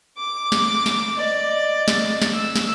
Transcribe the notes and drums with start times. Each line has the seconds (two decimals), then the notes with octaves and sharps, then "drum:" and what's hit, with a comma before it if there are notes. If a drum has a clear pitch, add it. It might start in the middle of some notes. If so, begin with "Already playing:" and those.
0.18 D6
0.52 drum: snare
0.86 drum: snare
1.15 D5 D#5
1.88 drum: snare
2.22 drum: snare
2.32 E6
2.56 drum: snare